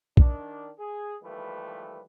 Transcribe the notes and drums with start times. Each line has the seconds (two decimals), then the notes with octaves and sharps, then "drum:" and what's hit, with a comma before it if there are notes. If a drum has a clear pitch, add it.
0.17 D#3 D4, drum: kick B1
0.79 G#4
1.22 D#2 E3 F3 G3 A3 B4